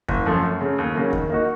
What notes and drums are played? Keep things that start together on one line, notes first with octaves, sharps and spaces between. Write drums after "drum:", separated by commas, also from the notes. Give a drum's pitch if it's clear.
F#1, drum: kick E2
F#2 F3 A3
F#2
C#3 A3
D#2
C#3 F#3 A#3
D#3, drum: kick E2
A#3 D#4 F#4